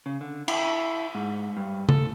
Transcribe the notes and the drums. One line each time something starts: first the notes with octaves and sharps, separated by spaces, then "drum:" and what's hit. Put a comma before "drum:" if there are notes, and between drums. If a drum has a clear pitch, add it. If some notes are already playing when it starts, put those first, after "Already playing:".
C#3
D3
E4, drum: cymbal
G#2
G2
A4, drum: tom C#3